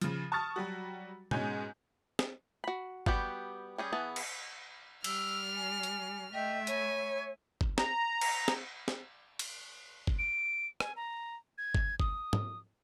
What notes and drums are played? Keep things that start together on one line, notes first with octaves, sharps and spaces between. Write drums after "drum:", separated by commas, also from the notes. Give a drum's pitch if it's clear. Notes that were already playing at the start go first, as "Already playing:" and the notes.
C#3 F3, drum: hi-hat
A5 C#6 D#6 F6 A6
F#3 G3 F#4
G#2 B2 G#3 C#4 G#5 G6, drum: tom
drum: snare
F#4 B5
G3 B3 F#4 G4 B5, drum: kick G1
G3 C#4 G#4
E3 B3 G#4 A5
drum: cymbal
G3 E6 F6, drum: cymbal
G#5
drum: hi-hat
A3 D#5 E5 G5
C#5 G#5 B5, drum: hi-hat
drum: kick G1
A#5, drum: snare
drum: cymbal
drum: snare
drum: snare
drum: cymbal
drum: kick G1
D7
G#5, drum: rim click
A#5
G#6
drum: kick G1
D#6, drum: kick G1
drum: tom